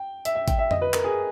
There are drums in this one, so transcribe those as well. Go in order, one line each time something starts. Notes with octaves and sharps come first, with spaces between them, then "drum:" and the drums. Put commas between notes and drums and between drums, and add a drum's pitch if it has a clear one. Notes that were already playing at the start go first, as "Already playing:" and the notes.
Already playing: G5
E5, drum: hi-hat
E5
G5, drum: kick, hi-hat
E5
D#5, drum: tom F2
B4
A#4, drum: clap
G#4